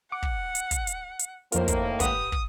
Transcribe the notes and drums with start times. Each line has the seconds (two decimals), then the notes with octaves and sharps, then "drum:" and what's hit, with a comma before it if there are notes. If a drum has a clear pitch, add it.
0.12 F#5 D6 C#7
0.23 drum: kick
0.55 drum: hi-hat
0.71 drum: kick, hi-hat
0.87 drum: hi-hat
1.19 drum: hi-hat
1.52 F2 A2 D#3 A#3 F4 A#4 C5, drum: hi-hat
1.68 drum: kick, hi-hat
2.00 G#1 G4 B4 F#5 D#6, drum: kick, hi-hat
2.32 drum: kick